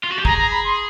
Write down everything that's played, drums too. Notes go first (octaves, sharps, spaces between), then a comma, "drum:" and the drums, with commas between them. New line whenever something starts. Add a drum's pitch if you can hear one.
F4
F#4
G4
G#4 A#5, drum: kick
A#5
B5
C6